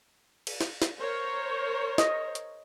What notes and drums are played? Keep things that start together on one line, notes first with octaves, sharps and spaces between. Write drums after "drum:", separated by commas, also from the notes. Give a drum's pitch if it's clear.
drum: cymbal
drum: snare
drum: snare
A#4 C5 C#5
D#5, drum: snare
drum: hi-hat